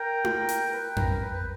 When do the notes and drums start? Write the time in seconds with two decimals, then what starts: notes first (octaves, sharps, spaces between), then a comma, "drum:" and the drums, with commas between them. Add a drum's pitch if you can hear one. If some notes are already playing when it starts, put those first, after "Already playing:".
Already playing: A#4 G5
0.25 drum: tom E4
0.49 drum: hi-hat
0.68 A#4
0.73 B4
0.96 A#4, drum: tom F2
1.21 B4
1.34 B4